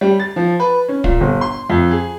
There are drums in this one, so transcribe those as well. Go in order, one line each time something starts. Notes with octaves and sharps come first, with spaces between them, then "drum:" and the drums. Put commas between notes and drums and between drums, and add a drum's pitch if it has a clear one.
G3
A6
F3
B4
C#4
A#2, drum: kick
G1
C6
F2
G#4